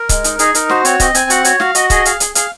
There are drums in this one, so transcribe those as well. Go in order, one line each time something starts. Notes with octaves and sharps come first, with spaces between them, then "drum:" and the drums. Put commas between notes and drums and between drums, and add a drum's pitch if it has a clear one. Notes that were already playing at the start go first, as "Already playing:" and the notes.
Already playing: A#4
G#3, drum: kick C#1, hi-hat
D#4, drum: hi-hat
D#4 G#4, drum: hi-hat
D#4 A#4, drum: hi-hat
F#4 C5, drum: snare
C4 C#5, drum: hi-hat
C4 D#5, drum: kick C#1, hi-hat
C4 G#5, drum: hi-hat
F#4 F#5, drum: hi-hat
F#4 C#5, drum: hi-hat
F#4 F5, drum: snare
F#4 D#5, drum: hi-hat
G#4 D#5, drum: kick C#1, hi-hat
G#4 F5, drum: hi-hat
G#4, drum: hi-hat
G#4 F5, drum: hi-hat